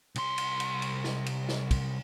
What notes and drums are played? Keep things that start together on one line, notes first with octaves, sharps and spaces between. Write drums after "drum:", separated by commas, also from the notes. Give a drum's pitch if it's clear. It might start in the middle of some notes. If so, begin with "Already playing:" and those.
C2 C6, drum: cymbal
drum: cymbal
drum: cymbal
drum: cymbal
drum: snare
drum: cymbal
drum: snare
drum: kick, cymbal